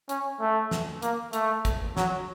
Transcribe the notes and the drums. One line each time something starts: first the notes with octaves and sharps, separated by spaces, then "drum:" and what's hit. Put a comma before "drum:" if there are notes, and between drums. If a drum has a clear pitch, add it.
C#4, drum: hi-hat
A3
drum: snare
A#3, drum: hi-hat
A3, drum: hi-hat
drum: kick, hi-hat
F#3, drum: snare